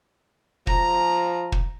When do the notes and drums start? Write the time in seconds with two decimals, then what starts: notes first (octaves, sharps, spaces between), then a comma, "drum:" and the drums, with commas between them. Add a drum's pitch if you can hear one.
0.67 F3 A#5, drum: kick
1.52 drum: kick